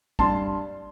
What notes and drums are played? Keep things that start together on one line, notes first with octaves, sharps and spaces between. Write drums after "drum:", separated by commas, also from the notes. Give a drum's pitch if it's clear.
G2 A5 C6, drum: kick